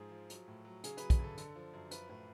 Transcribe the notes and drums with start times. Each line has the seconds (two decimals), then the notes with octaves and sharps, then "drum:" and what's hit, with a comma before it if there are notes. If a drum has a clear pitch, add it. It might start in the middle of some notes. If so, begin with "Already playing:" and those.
Already playing: G#2 F3 G#4
0.11 F3
0.30 F#3, drum: hi-hat
0.48 A2
0.65 F#3
0.84 C#3 G#4, drum: hi-hat
0.97 B4, drum: hi-hat
1.02 F#3
1.10 B4, drum: kick, hi-hat
1.19 F#2 A4
1.37 D3, drum: hi-hat
1.56 F3
1.73 F#2
1.91 F3 B4, drum: hi-hat
2.09 A2 B4